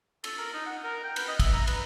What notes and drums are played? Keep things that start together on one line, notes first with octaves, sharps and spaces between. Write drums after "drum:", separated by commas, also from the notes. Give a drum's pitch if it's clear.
A4, drum: cymbal
A#4
D#4
F#5
A#4
G5
B4, drum: cymbal
D#5
E5, drum: kick, cymbal
A#5
B4, drum: cymbal